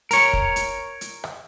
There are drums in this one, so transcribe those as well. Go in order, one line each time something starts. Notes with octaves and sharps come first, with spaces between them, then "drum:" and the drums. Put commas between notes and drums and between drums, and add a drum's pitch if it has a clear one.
A#4 C#5, drum: hi-hat
drum: kick
drum: hi-hat
drum: hi-hat
drum: rim click